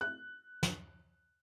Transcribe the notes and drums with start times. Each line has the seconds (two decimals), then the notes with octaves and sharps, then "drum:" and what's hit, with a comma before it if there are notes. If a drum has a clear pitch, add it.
0.01 F#6
0.63 drum: snare